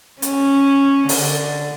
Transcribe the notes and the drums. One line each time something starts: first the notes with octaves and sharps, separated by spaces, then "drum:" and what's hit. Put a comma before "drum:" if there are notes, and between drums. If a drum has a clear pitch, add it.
C#4, drum: hi-hat
D3, drum: open hi-hat